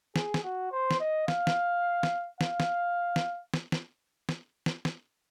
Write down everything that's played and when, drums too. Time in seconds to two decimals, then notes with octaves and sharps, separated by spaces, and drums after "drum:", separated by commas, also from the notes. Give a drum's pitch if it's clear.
0.16 G#4, drum: snare
0.34 drum: snare
0.44 F#4
0.72 C5
0.91 drum: snare
1.00 D#5
1.28 F5, drum: snare
1.47 drum: snare
2.03 drum: snare
2.41 F5, drum: snare
2.60 drum: snare
3.16 drum: snare
3.54 drum: snare
3.72 drum: snare
4.29 drum: snare
4.66 drum: snare
4.85 drum: snare